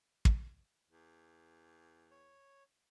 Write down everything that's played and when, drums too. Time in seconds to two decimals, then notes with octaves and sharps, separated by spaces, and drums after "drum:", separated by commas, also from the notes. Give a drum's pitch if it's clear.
0.25 drum: kick
0.89 E2
2.11 C#5